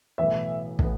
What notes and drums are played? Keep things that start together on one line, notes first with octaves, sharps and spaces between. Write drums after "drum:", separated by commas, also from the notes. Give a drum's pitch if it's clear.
B1 A2 E3 B3 E5
A2 E3 B3, drum: kick